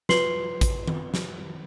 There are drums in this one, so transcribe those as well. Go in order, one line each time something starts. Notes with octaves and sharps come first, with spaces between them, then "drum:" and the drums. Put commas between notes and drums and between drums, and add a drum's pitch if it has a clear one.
F4 B4 C6 C7 F#7 G7, drum: snare
drum: kick, hi-hat
drum: tom D#3
drum: snare